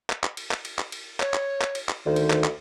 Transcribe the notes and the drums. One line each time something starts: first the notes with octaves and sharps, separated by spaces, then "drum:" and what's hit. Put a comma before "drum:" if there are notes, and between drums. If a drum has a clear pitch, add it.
drum: clap
drum: clap
drum: cymbal
drum: clap
drum: cymbal
drum: clap
drum: cymbal
C#5, drum: clap
drum: clap
drum: clap
drum: cymbal
drum: clap
D2 D#3 C5
drum: cymbal
drum: clap
drum: clap